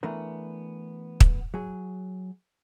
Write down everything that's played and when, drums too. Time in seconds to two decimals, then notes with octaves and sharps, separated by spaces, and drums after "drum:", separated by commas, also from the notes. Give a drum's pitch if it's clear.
0.03 E3 A3 B3 D4 A#4
1.20 drum: kick
1.54 F#3 G#4